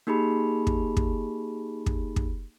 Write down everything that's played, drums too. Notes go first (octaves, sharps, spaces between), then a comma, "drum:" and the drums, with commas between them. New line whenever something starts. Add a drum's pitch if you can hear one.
A#3 D#4 G4 G#4 B5
drum: kick
drum: kick
drum: kick
drum: kick